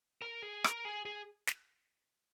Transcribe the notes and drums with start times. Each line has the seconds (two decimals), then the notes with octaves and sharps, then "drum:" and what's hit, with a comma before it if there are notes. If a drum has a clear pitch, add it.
0.22 A#4
0.42 G#4
0.64 A#4, drum: rim click
0.85 G#4
1.05 G#4
1.47 drum: snare